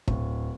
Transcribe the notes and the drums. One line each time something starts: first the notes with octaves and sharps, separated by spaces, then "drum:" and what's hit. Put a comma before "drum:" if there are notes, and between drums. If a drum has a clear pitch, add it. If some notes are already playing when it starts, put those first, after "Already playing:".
D1, drum: kick